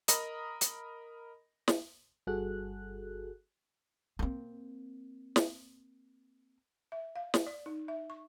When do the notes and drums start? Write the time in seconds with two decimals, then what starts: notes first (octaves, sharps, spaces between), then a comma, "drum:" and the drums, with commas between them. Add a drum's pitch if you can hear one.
0.08 A#4 D#5 A#5 B5 D#6 A#6, drum: hi-hat
0.61 drum: hi-hat
1.68 drum: snare
2.27 G1 G3 F#4 G#4 A4 F#6
4.19 A#3 C4
5.36 drum: snare
6.92 E5
7.16 F5
7.34 drum: snare
7.47 D5
7.66 D#4
7.88 E5
8.10 C#6